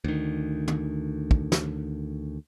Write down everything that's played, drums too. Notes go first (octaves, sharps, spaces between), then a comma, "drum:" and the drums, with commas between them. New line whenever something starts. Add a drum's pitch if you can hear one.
D2 D#3
drum: tom
drum: kick
drum: snare